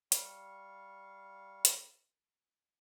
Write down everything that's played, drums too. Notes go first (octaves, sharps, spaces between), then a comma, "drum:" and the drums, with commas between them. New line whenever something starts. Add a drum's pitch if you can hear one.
G3 F5 C#6, drum: hi-hat
drum: hi-hat